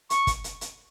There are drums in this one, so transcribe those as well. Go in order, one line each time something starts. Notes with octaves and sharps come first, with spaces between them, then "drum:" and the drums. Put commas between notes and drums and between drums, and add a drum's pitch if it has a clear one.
C#6, drum: hi-hat
drum: kick, hi-hat
drum: hi-hat
drum: hi-hat